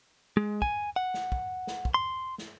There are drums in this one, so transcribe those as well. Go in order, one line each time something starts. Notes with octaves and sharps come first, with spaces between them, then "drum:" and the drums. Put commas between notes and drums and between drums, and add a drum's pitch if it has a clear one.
G#3
G#5, drum: kick
F#5
drum: snare
drum: kick
drum: snare
drum: kick
C6
drum: snare